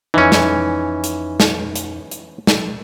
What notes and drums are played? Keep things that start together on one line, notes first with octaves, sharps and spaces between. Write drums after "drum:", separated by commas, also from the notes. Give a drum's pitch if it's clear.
F2 E3 C#4 D#4
drum: snare
drum: hi-hat
drum: snare
drum: hi-hat
drum: hi-hat
drum: snare